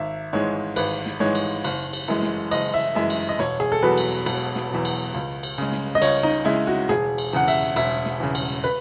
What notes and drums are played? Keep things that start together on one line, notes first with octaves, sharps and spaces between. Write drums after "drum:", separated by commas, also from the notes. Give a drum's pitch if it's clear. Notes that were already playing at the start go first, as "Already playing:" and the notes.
Already playing: G#1 E5
G#2 E3 G#3 C#5
G#1 B4, drum: cymbal
drum: snare
G#2 E3 G#3 C#5
drum: cymbal
F#1, drum: cymbal
drum: cymbal
F#2 E3 G#3
drum: snare
F#1 D#5, drum: cymbal
E5
F#2 E3 G#3 E5
drum: cymbal
D#5
E1 C#5, drum: snare
G#4
A4
E2 B2 F#3 B4
drum: cymbal
E1, drum: cymbal
drum: snare
E2 B2 F#3
drum: cymbal
C#2
drum: cymbal
C#3 G#3
drum: snare
D#5
C#2 C#5, drum: cymbal
D#4
C#3 G#3 E4
F#4
E1 G#4, drum: snare
drum: cymbal
E2 C#3 F#5
E5, drum: cymbal
E1 E5, drum: cymbal
drum: snare
E2 C#3
drum: cymbal
B4